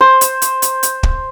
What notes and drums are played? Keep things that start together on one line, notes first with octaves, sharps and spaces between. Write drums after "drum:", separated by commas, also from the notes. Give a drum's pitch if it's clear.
C5
drum: hi-hat
drum: hi-hat
drum: hi-hat
drum: hi-hat
drum: kick